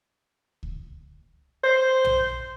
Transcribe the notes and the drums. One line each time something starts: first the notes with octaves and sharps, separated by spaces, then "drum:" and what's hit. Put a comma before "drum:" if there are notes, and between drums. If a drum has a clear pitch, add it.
drum: kick C#2
C5
drum: tom